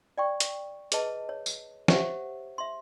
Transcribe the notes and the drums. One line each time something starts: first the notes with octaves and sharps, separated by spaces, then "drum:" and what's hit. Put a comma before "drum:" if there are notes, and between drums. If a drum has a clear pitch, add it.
D5 G5 C#6
drum: hi-hat
G#4 B4 D#5 A5, drum: hi-hat
C#5
drum: tambourine
G4 C5 C#5 E5 F#5, drum: snare
E5 C6